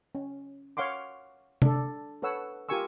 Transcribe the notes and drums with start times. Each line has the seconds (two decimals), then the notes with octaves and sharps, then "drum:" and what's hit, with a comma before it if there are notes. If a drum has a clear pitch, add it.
0.15 C#4
0.77 C#5 F5 F#5 C6 D6
1.62 D4 A4, drum: tom C3
2.22 A4 B4 C#5 F#5 E6
2.69 F4 G4 A#4 G#5 C#6 E6